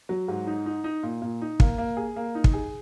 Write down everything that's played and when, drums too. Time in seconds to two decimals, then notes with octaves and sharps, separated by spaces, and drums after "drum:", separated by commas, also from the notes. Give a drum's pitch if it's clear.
0.09 F#3
0.28 G#2
0.47 D#4
0.66 D#4
0.84 D#4
1.03 A#2
1.22 A#2
1.42 D#4
1.60 A#3, drum: kick
1.78 A#3
1.97 G#4
2.16 A#3
2.35 D#4
2.44 drum: kick
2.53 G#4